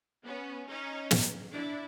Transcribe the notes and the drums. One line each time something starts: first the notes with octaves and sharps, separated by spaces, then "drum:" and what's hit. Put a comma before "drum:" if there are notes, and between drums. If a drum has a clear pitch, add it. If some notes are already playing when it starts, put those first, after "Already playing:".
B3 C#4
C#4 D#4
drum: snare
D4 E4